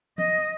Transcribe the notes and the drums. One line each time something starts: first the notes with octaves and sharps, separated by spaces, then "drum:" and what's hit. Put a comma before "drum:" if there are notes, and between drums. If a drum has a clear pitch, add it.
D#5, drum: tom F3